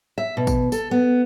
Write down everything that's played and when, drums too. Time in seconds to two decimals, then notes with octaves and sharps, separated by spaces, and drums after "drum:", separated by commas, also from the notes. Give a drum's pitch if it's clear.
0.18 E5
0.37 B2
0.47 drum: kick, tambourine
0.72 A4, drum: tambourine
0.91 B3